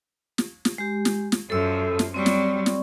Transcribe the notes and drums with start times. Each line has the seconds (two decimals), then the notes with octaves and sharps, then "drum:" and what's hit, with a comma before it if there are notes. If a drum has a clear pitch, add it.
0.38 drum: snare
0.65 drum: snare
0.78 G#3 G4
1.05 drum: snare
1.32 drum: snare
1.50 F#2 F3 A4 E6
1.99 drum: snare
2.14 F#3 G3 C4 D5 C#6
2.26 drum: snare
2.66 drum: snare